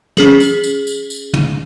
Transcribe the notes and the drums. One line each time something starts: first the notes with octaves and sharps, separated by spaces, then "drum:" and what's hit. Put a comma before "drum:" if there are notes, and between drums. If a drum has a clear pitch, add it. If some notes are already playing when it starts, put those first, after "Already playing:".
C#4 G#4 F#7, drum: snare
drum: tambourine
drum: tambourine
drum: tambourine
drum: tambourine
drum: tom